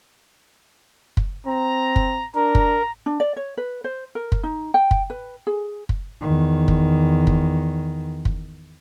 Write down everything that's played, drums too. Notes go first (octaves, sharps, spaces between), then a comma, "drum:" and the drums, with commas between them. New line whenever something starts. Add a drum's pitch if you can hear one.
drum: kick
C4 A#5
drum: kick
D4 A#4 A#5
drum: kick
D4
D5
C#5
B4
C5
A#4
drum: kick
D#4
G5
drum: kick
B4
G#4
drum: kick
E2 D#3
drum: kick
drum: kick
drum: kick